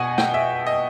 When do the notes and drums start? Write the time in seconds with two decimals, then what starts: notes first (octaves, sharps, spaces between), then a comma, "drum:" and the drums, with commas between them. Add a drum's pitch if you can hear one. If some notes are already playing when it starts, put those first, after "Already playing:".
Already playing: B2 F#5 G#5
0.18 G5, drum: snare
0.34 E5
0.67 D#5